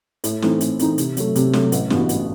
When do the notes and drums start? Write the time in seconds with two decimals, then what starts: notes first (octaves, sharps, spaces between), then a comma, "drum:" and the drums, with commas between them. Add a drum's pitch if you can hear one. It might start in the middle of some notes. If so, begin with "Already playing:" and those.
0.24 A2, drum: hi-hat
0.42 E3 A3 C4 D#4, drum: snare
0.61 A2, drum: hi-hat
0.79 E3 A3 C4 D#4, drum: hi-hat
0.98 C3, drum: hi-hat
1.17 F#3 A3, drum: hi-hat
1.35 C3, drum: hi-hat
1.53 F#3 A3, drum: snare
1.72 A1, drum: hi-hat
1.90 G2 E3 B3 F#4, drum: snare
2.09 A1, drum: hi-hat